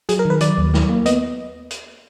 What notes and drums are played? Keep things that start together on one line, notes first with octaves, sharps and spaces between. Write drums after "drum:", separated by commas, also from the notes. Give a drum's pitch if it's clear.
F#3 G#4, drum: hi-hat
A#4
D#3 B4
F#3 D5, drum: hi-hat
D#2
F#3, drum: snare
A#3
B3 D#5, drum: hi-hat
drum: hi-hat